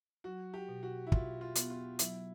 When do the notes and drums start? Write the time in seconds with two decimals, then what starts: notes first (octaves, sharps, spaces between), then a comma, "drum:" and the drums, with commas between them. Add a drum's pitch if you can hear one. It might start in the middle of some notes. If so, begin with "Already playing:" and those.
0.24 F#3 F#4
0.54 G4
0.68 B2
0.83 F#4
1.07 E4
1.12 B2 F4, drum: kick
1.41 F4
1.55 B3, drum: hi-hat
1.70 F4
1.99 F#3 E4, drum: hi-hat